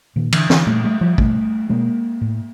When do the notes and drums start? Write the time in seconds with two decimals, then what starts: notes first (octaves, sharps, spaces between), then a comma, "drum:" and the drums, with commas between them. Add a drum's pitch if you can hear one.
0.16 A#2 D#3
0.32 D3 E3, drum: cymbal
0.50 D3 E3, drum: snare
0.67 A#2 G3 A3
0.84 G3 A3
1.01 F3 G3
1.18 B2 G3 A3, drum: kick A1
1.69 B2 G#3 A#3
2.21 A2